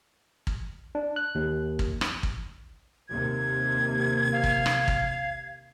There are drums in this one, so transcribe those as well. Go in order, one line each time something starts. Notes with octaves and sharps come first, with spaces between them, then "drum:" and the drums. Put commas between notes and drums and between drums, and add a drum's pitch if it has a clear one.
drum: kick
D4
F#6
D#2
drum: kick
drum: rim click
drum: kick
D#2 C3 G#6
F5
drum: kick
drum: rim click
drum: kick